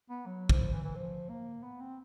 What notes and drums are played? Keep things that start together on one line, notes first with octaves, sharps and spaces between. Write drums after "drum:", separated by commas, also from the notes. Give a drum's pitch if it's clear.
B3
F#3
F3, drum: kick
E3
E3
F3
A#3
B3
C4